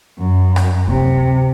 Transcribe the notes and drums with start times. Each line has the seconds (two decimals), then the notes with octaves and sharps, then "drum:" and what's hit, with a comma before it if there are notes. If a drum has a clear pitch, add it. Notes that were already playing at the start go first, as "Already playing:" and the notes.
0.19 F#2
0.56 drum: rim click
0.88 C3, drum: kick D2